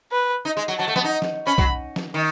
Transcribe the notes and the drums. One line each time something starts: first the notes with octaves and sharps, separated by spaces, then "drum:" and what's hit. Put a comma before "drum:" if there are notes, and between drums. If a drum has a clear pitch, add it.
B4
D#4
G#3
F#3, drum: tambourine
F#3 A5
A3
B3, drum: snare
D#4
drum: snare
C#4 B5
F#3, drum: kick
drum: snare
D#3